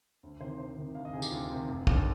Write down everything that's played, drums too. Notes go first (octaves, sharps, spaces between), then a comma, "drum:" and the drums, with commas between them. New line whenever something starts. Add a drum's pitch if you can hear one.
D2
C3 D#3 C5
D2 C5
C3 D#3
D2 F5
D#5
C3 D#3 G#4
G4, drum: tambourine
D2 F4
C3 D#3
F1
D#2 D3, drum: kick